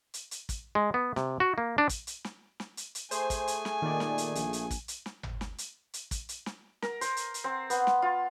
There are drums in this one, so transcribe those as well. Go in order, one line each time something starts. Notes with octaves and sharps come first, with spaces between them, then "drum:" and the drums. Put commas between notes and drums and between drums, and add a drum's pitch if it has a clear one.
drum: hi-hat
drum: hi-hat
drum: kick, hi-hat
G#3
B3
C3, drum: snare
F#4
A#3
D4
drum: kick, hi-hat
drum: hi-hat
drum: snare
drum: snare
drum: hi-hat
drum: hi-hat
A3 G#4 C5 G#5, drum: hi-hat
drum: kick, hi-hat
drum: hi-hat
drum: snare
A#2 D#3 D5
drum: snare
drum: hi-hat
A#1, drum: hi-hat
drum: hi-hat
drum: kick, hi-hat
drum: hi-hat
drum: snare
drum: tom G#1
drum: snare
drum: hi-hat
drum: hi-hat
drum: kick, hi-hat
drum: hi-hat
drum: snare
A#4, drum: snare
C5, drum: hi-hat
drum: hi-hat
drum: hi-hat
C4
B3, drum: hi-hat
drum: snare
F4